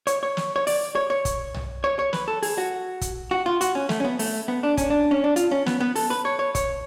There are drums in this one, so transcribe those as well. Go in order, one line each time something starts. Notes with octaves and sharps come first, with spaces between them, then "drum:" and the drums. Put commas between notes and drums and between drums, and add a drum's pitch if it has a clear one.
C#5, drum: hi-hat
C#5
drum: snare
C#5
D5, drum: open hi-hat
C#5
C#5
drum: kick, hi-hat
drum: tom B1
C#5
C#5
B4, drum: snare
A4
G#4, drum: open hi-hat
F#4
drum: kick, hi-hat
F#4
F4
F#4, drum: hi-hat
C#4
A3, drum: snare
C#4
B3
A3, drum: open hi-hat
B3
D4
C#4, drum: kick, hi-hat
D4
C#4
D4
F4, drum: hi-hat
C#4
B3, drum: snare
B3
A4, drum: open hi-hat
B4
C#5
C#5
C#5, drum: kick, hi-hat